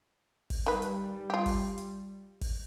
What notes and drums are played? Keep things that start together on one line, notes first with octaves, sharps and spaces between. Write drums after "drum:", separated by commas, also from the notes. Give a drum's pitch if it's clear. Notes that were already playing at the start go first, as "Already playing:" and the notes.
drum: kick, open hi-hat
D#3 G3 B4
drum: hi-hat
F4 G4
drum: kick, open hi-hat
drum: hi-hat
drum: kick, open hi-hat